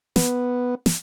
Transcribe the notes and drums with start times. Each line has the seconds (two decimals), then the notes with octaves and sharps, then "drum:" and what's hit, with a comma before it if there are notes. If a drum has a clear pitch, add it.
0.16 B3, drum: snare
0.86 drum: snare